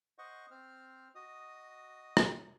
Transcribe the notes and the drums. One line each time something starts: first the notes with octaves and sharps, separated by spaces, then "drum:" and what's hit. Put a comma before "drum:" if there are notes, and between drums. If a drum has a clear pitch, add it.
C5 D#5 F#5 C#6
C4 C5 F6
F#4 D#5 D#6
drum: rim click